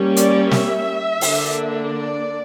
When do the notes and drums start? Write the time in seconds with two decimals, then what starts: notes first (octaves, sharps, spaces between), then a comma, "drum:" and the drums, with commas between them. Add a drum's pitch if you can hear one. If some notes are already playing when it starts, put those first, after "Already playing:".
Already playing: G3 A#3 C#4
0.17 D5, drum: hi-hat
0.51 E5, drum: snare
1.21 D3 A#3 D4, drum: open hi-hat
1.93 D5